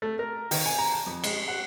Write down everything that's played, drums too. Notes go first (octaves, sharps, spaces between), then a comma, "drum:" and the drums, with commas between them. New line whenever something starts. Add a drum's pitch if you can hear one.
A3
A#4
D#3, drum: open hi-hat
G#5
A#5
A5
F2
G#3, drum: cymbal
F#5